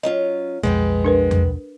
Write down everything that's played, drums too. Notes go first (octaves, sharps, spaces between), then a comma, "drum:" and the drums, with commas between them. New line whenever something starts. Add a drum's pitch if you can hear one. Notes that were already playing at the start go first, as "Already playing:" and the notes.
F#3 C#4 F4 D#5
B1 F2 G#3 B3 C5 G5
D4 A#4 B4
drum: tom E2